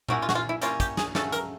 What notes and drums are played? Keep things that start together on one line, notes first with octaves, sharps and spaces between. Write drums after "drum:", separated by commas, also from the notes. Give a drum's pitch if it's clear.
G3 A#3 C#4 E4 F#4, drum: tom A#2
F4
F#4, drum: snare
F4
E4
G3 A#3 C#4 E4 F4, drum: hi-hat
G4, drum: kick, hi-hat
G#4, drum: snare
C#3 F#3 A3 C#4 A4, drum: snare
A#4, drum: hi-hat